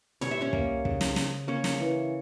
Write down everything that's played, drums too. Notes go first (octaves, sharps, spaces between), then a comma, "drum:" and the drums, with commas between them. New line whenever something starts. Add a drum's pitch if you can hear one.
G3 C#5, drum: tom
E5
C#4 C#5
A#3, drum: kick
C#3, drum: kick
drum: snare
C#3, drum: snare
A#3 C#4 C#5
drum: snare
E3